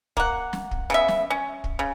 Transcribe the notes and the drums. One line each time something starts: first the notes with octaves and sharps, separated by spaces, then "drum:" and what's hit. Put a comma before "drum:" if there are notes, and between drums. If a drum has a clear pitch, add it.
A#3 F#5, drum: kick
drum: snare
drum: kick
C#3 B3 E5
drum: snare
C#4
drum: kick
C#3